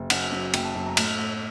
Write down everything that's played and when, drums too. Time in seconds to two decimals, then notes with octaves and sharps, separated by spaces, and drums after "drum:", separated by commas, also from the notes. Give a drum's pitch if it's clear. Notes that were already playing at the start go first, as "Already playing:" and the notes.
Already playing: F#1
0.10 F#2 F#5, drum: cymbal
0.32 F#2
0.54 F#1 G5, drum: cymbal
0.65 A5
0.75 F#2 A5
0.86 A#5
0.97 A2, drum: cymbal
1.19 A2